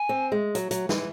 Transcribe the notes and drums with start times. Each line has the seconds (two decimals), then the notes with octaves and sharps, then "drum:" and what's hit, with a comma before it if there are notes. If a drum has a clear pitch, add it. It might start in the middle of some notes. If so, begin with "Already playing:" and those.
Already playing: G#5
0.09 C4
0.32 G#3
0.55 F#3, drum: hi-hat
0.71 F#3, drum: hi-hat
0.89 E3, drum: snare